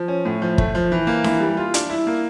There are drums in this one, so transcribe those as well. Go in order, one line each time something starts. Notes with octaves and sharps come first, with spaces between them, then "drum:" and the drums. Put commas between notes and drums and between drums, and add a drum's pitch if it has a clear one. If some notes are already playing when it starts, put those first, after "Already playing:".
Already playing: F3
C#4
A2
F3
A3, drum: kick
F3
E3
A#3
E3, drum: snare D4
G3
F4
D4, drum: hi-hat
E4
A#3